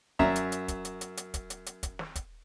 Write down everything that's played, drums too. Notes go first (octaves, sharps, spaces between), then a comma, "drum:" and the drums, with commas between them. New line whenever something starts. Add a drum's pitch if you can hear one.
F#2 E5 A#5, drum: kick
drum: hi-hat
drum: hi-hat
drum: kick, hi-hat
drum: hi-hat
drum: hi-hat
drum: hi-hat
drum: kick, hi-hat
drum: hi-hat
drum: hi-hat
drum: kick, hi-hat
drum: snare
drum: kick, hi-hat